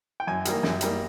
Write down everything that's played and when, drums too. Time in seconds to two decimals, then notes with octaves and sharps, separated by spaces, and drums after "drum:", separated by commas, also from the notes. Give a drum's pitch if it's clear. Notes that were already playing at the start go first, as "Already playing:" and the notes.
0.20 G5
0.27 F#2 G#5
0.45 D#3 G3 A#3, drum: hi-hat
0.63 F#2, drum: snare
0.81 D#3 G3 A#3, drum: hi-hat